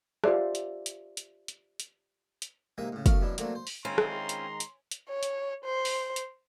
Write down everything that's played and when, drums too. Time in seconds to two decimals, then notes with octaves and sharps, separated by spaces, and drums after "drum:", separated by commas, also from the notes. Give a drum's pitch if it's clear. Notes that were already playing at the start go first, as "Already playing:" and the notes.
0.24 F4 G4 C5 D5 E5, drum: rim click
0.55 drum: hi-hat
0.86 drum: hi-hat
1.17 drum: hi-hat
1.48 drum: hi-hat
1.80 drum: hi-hat
2.42 drum: hi-hat
2.78 C3 G#3 A#3 D#4 E5
2.92 A2 C#3
3.06 F#2 A3 F#4 F5, drum: kick, hi-hat
3.21 F#2 B2 D4 E4
3.38 F#3 A3 A#3 C4 D4, drum: hi-hat
3.55 C5
3.67 drum: open hi-hat
3.85 D#3 G#3 C4 C#4 E4 F4 A#5 C6
3.98 drum: rim click
4.29 drum: hi-hat
4.60 drum: hi-hat
4.91 drum: hi-hat
5.09 C#5
5.23 drum: hi-hat
5.65 C5
5.85 drum: open hi-hat
6.16 drum: hi-hat